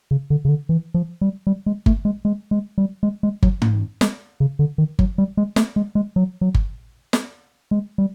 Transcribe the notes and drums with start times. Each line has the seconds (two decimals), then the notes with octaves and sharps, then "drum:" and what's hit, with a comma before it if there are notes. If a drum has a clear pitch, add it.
0.11 C#3
0.30 D3
0.45 C#3
0.49 D3
0.69 E3
0.94 F3
1.21 G3
1.47 G3
1.66 G#3
1.86 A3, drum: kick G1
2.05 G#3
2.25 G#3
2.51 G#3
2.78 G3
3.03 G#3
3.23 G#3
3.43 F#3, drum: kick G1
3.62 drum: tom G#2
4.01 G#3, drum: snare
4.40 C#3
4.59 D3
4.78 D#3
4.99 F#3, drum: kick G1
5.18 G3
5.37 G#3
5.56 A3, drum: snare
5.76 G#3
5.95 G#3
6.16 F#3
6.41 F#3
6.54 drum: kick G1
7.13 drum: snare
7.71 G#3
7.98 G3